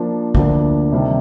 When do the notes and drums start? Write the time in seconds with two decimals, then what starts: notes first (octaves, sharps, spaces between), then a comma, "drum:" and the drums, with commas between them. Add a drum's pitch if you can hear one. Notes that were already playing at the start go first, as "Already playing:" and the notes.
Already playing: F3 A#3 D4
0.35 D2 D3 F3 A#3 D4, drum: kick
0.92 C3 D#3 G3 D4